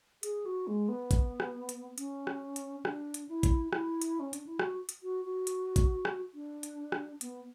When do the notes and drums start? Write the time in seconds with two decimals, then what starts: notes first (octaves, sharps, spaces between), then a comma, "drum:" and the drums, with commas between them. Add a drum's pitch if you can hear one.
0.23 G#4, drum: hi-hat
0.46 F#4
0.67 G#3
0.89 B3
1.11 drum: kick G#1, hi-hat
1.40 drum: rim click
1.69 drum: hi-hat
1.98 C#4, drum: hi-hat
2.27 drum: rim click
2.56 drum: hi-hat
2.85 D4, drum: rim click
3.14 drum: hi-hat
3.29 E4
3.43 drum: kick G#1, hi-hat
3.73 E4, drum: rim click
4.01 drum: hi-hat
4.20 C#4
4.33 D4, drum: hi-hat
4.47 E4
4.59 F#4, drum: rim click
4.89 drum: hi-hat
5.03 F#4
5.25 F#4
5.47 drum: hi-hat
5.76 drum: kick G#1, hi-hat
6.05 drum: rim click
6.34 D4
6.63 drum: hi-hat
6.92 drum: rim click
7.21 B3, drum: hi-hat